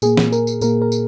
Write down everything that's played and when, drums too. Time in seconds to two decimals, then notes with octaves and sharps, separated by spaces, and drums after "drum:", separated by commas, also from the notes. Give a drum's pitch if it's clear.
0.02 A#2 A#3 G#4, drum: tambourine
0.17 drum: snare
0.32 A#4, drum: tambourine
0.47 drum: tambourine
0.61 A#2 A#3 A#4, drum: tambourine
0.82 A#4
0.92 drum: tambourine